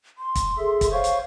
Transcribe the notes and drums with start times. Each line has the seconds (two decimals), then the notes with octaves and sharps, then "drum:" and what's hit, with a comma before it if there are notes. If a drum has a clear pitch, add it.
0.18 C6
0.35 drum: kick, hi-hat
0.58 G#4 A4 E5
0.81 drum: kick, hi-hat
0.92 C5 C#5 F5 C#6
1.04 drum: hi-hat